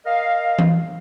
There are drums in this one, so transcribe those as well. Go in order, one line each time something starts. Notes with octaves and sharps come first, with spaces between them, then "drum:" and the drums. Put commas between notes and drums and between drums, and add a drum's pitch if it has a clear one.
A#4 D#5 F5
drum: tom E3